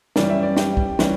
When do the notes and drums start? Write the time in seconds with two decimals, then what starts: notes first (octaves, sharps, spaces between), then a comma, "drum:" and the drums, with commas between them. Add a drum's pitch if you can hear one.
0.16 F#2 E3 G3 C#4 D5, drum: snare
0.29 E5
0.43 D5
0.57 G4, drum: snare
0.77 drum: kick
0.99 E3 G3 C#4, drum: snare